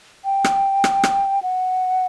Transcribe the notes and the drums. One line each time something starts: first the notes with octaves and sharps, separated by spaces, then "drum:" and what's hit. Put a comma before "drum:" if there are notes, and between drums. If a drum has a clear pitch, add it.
G5
drum: rim click
drum: rim click
drum: rim click
F#5